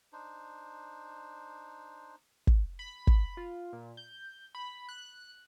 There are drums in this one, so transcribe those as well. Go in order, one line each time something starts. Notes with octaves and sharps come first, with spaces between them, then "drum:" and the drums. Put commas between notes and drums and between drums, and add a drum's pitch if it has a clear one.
D4 D#4 C5
drum: kick
B5
drum: kick
F4
A#2
G6
B5
F#6